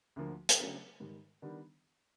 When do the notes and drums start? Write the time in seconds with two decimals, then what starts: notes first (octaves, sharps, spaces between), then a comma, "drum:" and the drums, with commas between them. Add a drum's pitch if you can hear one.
0.16 D2 D3 F3 A#3
0.49 drum: hi-hat
0.59 C#3 F#3 A3 D4
1.00 G#2 D#3 G3
1.42 D#3 G3 B3 D4